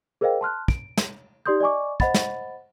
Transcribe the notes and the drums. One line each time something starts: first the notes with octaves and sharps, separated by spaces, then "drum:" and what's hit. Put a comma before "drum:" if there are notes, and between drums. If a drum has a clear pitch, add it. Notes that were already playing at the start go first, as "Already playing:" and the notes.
G#4 A#4 C5 D#5 F5 G5
A5 C6 F6 F#6
D7, drum: kick
drum: snare
D#4 G4 D5 C6 D#6 G6
D5 D#5 G#5 C#6 D6
C5 D#5 F#5 B5 A6, drum: kick
drum: snare